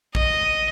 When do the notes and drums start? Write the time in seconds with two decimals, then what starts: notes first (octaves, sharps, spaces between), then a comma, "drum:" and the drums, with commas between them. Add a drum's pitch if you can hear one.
0.15 D#5, drum: kick